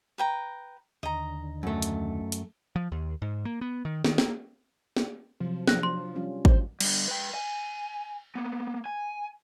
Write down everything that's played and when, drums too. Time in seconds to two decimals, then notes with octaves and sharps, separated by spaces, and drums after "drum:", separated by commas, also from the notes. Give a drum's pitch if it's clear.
0.18 B4 G5 A#5
1.03 D#2 D3 D#5 A#5
1.63 F#2 A3
1.82 drum: hi-hat
2.32 drum: hi-hat
2.76 F3
2.92 D#2
3.22 G#2
3.45 A#3
3.61 B3
3.85 D#3
4.04 D#3, drum: snare
4.18 A#3, drum: snare
4.97 drum: snare
5.40 C3 F3 F#3
5.68 F#3 D4 F#6 A#6, drum: snare
5.83 C6
6.15 G3 C#4 F4
6.45 C5, drum: kick G#1
6.81 D3 G3, drum: cymbal
7.08 B4 G5
7.35 G#5
8.35 A#3 B3
8.86 G#5